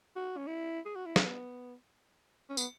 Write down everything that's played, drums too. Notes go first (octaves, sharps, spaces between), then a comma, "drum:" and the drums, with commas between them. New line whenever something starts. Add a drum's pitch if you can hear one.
F#4
C#4
E4
G#4
F#4
E4
C#4, drum: snare
B3
C#4
B3, drum: tambourine